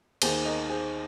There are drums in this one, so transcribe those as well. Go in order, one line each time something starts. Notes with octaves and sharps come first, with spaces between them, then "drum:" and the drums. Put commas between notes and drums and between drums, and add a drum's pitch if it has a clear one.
D#2 D#3 G#4 C5, drum: cymbal
A#4 D#5
G#4 C5